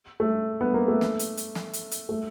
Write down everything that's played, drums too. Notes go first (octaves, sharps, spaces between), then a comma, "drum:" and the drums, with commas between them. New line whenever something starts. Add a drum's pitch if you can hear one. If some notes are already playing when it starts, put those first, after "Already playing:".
A3
B3
A#3
A3
drum: snare
drum: hi-hat
drum: hi-hat
drum: snare
drum: hi-hat
drum: hi-hat
A3